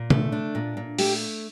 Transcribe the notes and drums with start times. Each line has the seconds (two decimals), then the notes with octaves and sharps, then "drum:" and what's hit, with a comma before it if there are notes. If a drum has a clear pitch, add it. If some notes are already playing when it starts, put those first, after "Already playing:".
Already playing: A#2
0.10 A3, drum: tom
0.32 D4
0.55 A#2
0.77 A#2
0.99 A3 G4, drum: open hi-hat